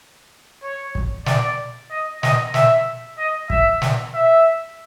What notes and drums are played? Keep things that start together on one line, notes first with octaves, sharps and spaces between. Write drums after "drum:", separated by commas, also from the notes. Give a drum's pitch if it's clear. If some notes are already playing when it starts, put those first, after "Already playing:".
C#5
drum: kick
D5, drum: snare
D#5
D#5, drum: snare
E5, drum: snare
D#5
E5, drum: kick
drum: snare
E5